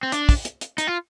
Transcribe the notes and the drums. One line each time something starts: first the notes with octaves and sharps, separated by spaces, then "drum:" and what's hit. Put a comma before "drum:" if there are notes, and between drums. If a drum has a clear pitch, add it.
C4
D4, drum: hi-hat
drum: kick, open hi-hat
drum: hi-hat
drum: hi-hat
D#4, drum: hi-hat
F4